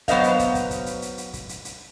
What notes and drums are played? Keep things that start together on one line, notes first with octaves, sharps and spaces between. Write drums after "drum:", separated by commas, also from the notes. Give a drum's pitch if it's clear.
F#3 B3 C5 D#5 F5, drum: kick, hi-hat
drum: hi-hat
drum: kick, hi-hat
drum: kick, hi-hat
drum: kick, hi-hat
drum: hi-hat
drum: hi-hat
drum: hi-hat
drum: kick, hi-hat
drum: hi-hat
drum: hi-hat